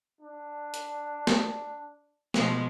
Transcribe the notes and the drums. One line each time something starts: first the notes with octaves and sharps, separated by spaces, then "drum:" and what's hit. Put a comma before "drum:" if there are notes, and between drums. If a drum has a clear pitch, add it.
D4
drum: hi-hat
drum: snare
B2 F3 G#3, drum: snare